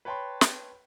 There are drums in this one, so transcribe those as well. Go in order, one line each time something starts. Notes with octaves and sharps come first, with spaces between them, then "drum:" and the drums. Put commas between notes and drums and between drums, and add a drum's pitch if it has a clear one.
B4 C#5 G5 A5 B5 C6
drum: snare